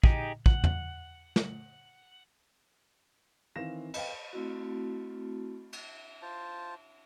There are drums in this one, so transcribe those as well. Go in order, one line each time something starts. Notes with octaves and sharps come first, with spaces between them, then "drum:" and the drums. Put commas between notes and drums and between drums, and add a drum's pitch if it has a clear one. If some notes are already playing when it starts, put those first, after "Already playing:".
D#4 G4 G#4, drum: kick
F#5, drum: kick
drum: tom E2
drum: snare
D#3 E3 C4 F5 A#6 E7
B4 D#5 F5 G5, drum: cymbal
A3 C4 E4 F#4
drum: cymbal
F4 C5 A5